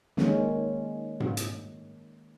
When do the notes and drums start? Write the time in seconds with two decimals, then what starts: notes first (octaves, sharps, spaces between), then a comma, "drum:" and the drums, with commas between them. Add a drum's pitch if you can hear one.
0.17 D#3 G#3 A#3 C#4, drum: snare
1.20 drum: tom G#2
1.37 drum: hi-hat